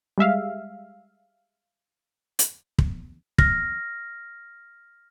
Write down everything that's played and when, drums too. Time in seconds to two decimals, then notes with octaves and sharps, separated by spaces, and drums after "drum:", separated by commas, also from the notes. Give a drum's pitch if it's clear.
0.18 G3 G#3 E5 F5
2.39 drum: hi-hat
2.79 drum: kick
3.38 F6 A#6, drum: kick